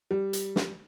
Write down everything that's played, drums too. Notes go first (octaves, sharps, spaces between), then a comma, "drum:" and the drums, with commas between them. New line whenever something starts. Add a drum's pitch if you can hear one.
G3
drum: hi-hat
drum: snare